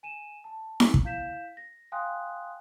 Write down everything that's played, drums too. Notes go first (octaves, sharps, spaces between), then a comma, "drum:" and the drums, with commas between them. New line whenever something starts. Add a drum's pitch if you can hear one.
G#5 D#7 E7
A5
drum: snare E4
drum: kick
E4 F5 G6 B6 E7
A#6
F5 G5 G#5 C6 D#6 F#6